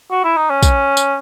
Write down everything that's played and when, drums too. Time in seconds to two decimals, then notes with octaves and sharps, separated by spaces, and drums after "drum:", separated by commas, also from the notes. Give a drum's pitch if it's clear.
0.11 F#4
0.24 E4
0.37 D#4
0.50 C#4
0.63 drum: kick, tambourine
0.97 drum: tambourine